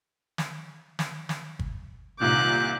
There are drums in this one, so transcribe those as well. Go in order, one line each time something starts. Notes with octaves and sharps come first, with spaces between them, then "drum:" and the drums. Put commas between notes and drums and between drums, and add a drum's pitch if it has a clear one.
drum: snare
drum: snare
drum: snare
drum: kick G1
C2 A#2 D#3 D6 F#6 G6